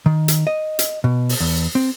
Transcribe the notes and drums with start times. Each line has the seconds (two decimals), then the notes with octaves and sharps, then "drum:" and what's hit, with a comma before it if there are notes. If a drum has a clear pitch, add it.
0.06 D#3
0.28 drum: hi-hat
0.47 D#5
0.79 drum: hi-hat
1.04 B2
1.29 drum: open hi-hat
1.40 E2
1.75 C4